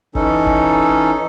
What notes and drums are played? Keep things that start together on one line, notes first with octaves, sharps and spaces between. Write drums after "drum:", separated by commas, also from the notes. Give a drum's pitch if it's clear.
E3 C#4 D#4 A4, drum: kick G1
drum: kick G1